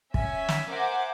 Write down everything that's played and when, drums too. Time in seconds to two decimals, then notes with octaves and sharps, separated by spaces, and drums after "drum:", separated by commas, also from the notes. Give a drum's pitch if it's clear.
0.14 C#4 E5 G#5 B6, drum: kick
0.49 drum: snare
0.70 A#4 C5 E5 F#5 G#5 D6